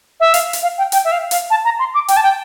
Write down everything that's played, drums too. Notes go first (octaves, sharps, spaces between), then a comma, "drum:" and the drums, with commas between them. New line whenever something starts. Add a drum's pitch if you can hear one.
E5
F5, drum: hi-hat
drum: hi-hat
F5
G5
G5, drum: hi-hat
E5
F5
F5, drum: hi-hat
A5
A#5
C6
D6
G5, drum: hi-hat
A5
G5